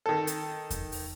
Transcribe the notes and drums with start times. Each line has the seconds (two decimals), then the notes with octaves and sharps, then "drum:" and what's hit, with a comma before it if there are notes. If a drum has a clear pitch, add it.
0.06 D#3 A4
0.27 drum: hi-hat
0.70 drum: kick E2, hi-hat
0.92 drum: open hi-hat